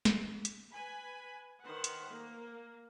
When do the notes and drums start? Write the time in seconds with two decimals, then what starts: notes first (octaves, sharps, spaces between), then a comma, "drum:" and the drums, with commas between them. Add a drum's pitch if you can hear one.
0.05 drum: snare
0.45 drum: hi-hat
0.72 B4 G#5 B5
1.61 D#3 B4 C5 F#5
1.84 drum: hi-hat
2.10 A#3